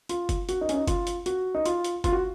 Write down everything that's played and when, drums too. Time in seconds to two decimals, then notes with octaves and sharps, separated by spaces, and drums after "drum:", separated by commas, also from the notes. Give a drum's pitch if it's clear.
0.09 F4, drum: hi-hat
0.29 drum: kick F#1, hi-hat
0.49 F#4, drum: hi-hat
0.61 D#4
0.69 C#4, drum: hi-hat
0.74 D#4
0.87 F4, drum: kick F#1, hi-hat
1.07 drum: hi-hat
1.26 F#4, drum: hi-hat
1.55 D#4
1.66 F4, drum: hi-hat
1.84 drum: hi-hat
2.04 F4, drum: kick F#1, hi-hat
2.12 F#4